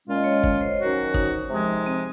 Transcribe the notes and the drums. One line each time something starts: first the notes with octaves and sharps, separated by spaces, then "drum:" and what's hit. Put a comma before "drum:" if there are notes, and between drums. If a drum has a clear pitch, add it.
A#2 G#3 C#4 F4
D#5
C#5
D#5
C#5, drum: kick G1
C5
D#3 F#3 C#4 F#4
D#4, drum: kick G1
C3 F3 G#3
C4